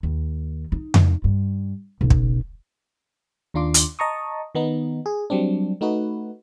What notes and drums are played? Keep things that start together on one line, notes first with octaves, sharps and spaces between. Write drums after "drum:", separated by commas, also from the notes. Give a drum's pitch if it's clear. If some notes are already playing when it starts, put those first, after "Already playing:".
D#2
D#4
drum: tom F2
G2
B1 C#3
drum: kick
D#2 D#3 D4 F4 C6 D6
drum: hi-hat
D#5 A5 A#5 C#6 D#6
D#3 B3 D#4
G#4
F#3 G3 C4 D4
A3 D#4 F#4 B4